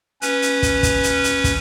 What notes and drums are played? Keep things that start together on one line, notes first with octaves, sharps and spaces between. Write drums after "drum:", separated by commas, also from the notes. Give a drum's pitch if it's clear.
C#4 B4, drum: hi-hat
drum: hi-hat
drum: kick, hi-hat
drum: kick, hi-hat
drum: hi-hat
drum: hi-hat
drum: kick, hi-hat